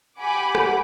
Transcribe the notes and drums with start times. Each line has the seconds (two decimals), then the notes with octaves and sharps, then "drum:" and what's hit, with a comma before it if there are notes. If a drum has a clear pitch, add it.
0.19 G4 F#5 G#5 B5 D6
0.55 drum: rim click